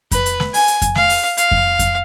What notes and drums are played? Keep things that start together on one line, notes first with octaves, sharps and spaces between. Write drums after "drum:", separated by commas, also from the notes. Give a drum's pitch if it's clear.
B4, drum: kick F2, hi-hat
drum: hi-hat
drum: snare
G#5, drum: open hi-hat
drum: hi-hat
drum: kick F2, hi-hat
F5, drum: snare
drum: open hi-hat
F5, drum: hi-hat
drum: kick F2
drum: kick F2, hi-hat